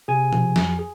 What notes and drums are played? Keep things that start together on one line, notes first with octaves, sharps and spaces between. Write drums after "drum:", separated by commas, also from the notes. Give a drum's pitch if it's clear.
C3 G#4 G#5
F3, drum: tom B2
F2, drum: snare
G#4